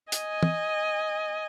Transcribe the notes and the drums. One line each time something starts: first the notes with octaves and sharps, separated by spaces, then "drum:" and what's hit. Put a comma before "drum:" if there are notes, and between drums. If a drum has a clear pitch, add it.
D#5 G#5, drum: hi-hat
drum: tom